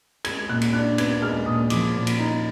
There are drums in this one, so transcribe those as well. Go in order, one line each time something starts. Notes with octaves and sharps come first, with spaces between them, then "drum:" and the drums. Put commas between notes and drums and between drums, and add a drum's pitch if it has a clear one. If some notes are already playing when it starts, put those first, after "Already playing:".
G#3 G#6, drum: cymbal
A#2 F#6
drum: cymbal
D4 F#6
B3 G#6, drum: cymbal
G#3 F6
A#2 D#6
F3 D6, drum: cymbal
A#2
drum: cymbal
D#4